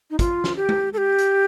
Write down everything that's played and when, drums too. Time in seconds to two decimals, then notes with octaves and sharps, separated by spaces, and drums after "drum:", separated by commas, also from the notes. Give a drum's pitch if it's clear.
0.11 D#4
0.19 F4, drum: kick, hi-hat
0.44 drum: snare
0.57 G4
0.69 drum: tom
0.93 A4
0.98 G4
1.18 drum: hi-hat